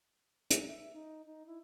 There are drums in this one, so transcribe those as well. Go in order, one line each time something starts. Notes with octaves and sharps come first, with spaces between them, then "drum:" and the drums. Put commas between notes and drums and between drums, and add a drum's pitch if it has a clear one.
drum: hi-hat
E5
D#4
D#4
E4